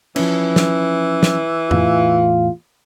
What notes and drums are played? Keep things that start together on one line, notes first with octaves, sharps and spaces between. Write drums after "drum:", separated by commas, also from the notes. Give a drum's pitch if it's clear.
E3 F3 C#4, drum: cymbal
drum: snare
drum: snare
E2 A2 F4 G#4, drum: tom F2